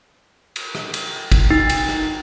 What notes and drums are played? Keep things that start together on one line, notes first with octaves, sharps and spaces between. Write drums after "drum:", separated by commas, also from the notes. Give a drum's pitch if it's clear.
drum: cymbal
drum: rim click
drum: cymbal
drum: kick G1, cymbal
D#4
drum: cymbal
drum: rim click